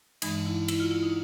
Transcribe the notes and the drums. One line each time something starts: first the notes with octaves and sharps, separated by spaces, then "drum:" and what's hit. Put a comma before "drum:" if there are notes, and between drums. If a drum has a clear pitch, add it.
G2 E3 G#3 D#4, drum: cymbal
E4
E4, drum: cymbal
F4
E4
D#4